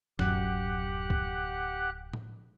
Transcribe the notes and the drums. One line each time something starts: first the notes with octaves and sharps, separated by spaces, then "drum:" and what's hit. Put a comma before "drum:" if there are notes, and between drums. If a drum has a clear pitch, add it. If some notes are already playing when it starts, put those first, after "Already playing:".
D1 F#2 G4 F#5 F#6, drum: snare
drum: kick
drum: tom A2